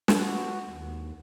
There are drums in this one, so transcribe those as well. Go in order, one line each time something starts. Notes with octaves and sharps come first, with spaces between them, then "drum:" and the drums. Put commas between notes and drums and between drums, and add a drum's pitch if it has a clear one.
drum: snare
F#4
D#2